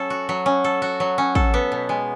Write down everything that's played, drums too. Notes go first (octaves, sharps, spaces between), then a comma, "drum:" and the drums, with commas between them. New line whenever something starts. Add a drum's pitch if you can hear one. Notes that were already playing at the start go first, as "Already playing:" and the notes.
Already playing: F#3 C#4 A4
F#4
F#3
C#4
A4
F#4
F#3
C#4
A4, drum: kick
B3
B2
G#3